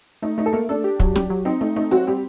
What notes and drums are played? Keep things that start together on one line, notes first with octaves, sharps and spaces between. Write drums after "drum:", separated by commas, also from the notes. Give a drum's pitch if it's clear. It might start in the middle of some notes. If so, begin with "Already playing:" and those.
A3 D#4
A3 D#4
A4
A3 A#3 A#4
D4 A4
G4
F#3, drum: kick
G4, drum: snare
F#3
C4 D#4
A3 D#4
A3 D#4
F#3 C4 F#4
G3 C4 G4